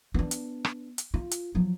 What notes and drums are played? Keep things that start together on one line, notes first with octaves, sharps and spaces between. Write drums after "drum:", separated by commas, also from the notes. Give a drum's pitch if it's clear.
B3 D4
drum: hi-hat
drum: rim click
drum: hi-hat
F4
drum: hi-hat
F3 F#3